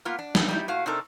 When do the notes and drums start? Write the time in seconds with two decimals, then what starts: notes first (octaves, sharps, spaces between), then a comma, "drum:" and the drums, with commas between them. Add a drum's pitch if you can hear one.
0.05 A#3 B3 F4 F5
0.19 D4
0.35 B3 D#4 A#4, drum: snare
0.48 G3 D#4 E4
0.68 A#2 A3 F#4 F5
0.86 C3 C4 D4 D#4 A4 A#4